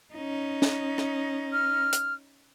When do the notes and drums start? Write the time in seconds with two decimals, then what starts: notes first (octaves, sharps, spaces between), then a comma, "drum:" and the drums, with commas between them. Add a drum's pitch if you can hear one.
0.14 C#4 D#4
0.62 drum: snare
0.98 drum: rim click
1.53 F6
1.93 drum: hi-hat